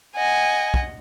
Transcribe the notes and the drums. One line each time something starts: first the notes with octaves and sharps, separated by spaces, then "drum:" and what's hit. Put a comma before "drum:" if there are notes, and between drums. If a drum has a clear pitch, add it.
D#5 F#5 G#5
drum: kick